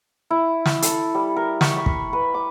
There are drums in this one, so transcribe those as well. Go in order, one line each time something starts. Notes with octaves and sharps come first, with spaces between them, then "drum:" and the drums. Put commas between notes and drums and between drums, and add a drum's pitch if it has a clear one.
E4
drum: snare
A4, drum: hi-hat
G3
A#4
C#6, drum: snare
B5
drum: kick
B4
D6